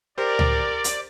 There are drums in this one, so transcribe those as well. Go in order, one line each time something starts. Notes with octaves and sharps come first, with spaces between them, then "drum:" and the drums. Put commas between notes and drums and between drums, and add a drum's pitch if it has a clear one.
G4 A#4 C5 D5
drum: tom C#2
drum: hi-hat